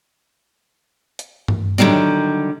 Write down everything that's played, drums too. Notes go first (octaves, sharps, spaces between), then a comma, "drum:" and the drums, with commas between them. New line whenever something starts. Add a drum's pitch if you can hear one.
drum: hi-hat
drum: tom G2
D3 D#3 F#3 G3 C4